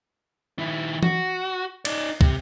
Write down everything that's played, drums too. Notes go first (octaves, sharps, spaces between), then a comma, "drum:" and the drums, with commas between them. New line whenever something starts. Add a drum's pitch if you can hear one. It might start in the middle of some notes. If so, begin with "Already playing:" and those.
D#3 E4
F#4, drum: tom E3
D#4 D5, drum: cymbal
C3, drum: kick